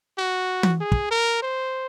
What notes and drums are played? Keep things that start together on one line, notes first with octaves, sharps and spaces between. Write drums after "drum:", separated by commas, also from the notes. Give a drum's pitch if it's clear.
F#4
drum: tom E3
G#4
drum: kick
A#4
C5